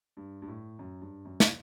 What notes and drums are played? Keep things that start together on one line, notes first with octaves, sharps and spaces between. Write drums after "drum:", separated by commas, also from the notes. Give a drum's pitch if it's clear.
G2
G2
A2
F#2
G2
F#2
drum: snare